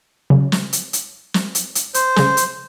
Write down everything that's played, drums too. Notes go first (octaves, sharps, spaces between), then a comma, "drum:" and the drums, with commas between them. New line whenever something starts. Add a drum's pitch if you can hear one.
C#3 F#3
drum: snare
drum: hi-hat
drum: hi-hat
drum: snare
drum: hi-hat
drum: hi-hat
C5, drum: hi-hat
C#3 G#4, drum: snare
drum: hi-hat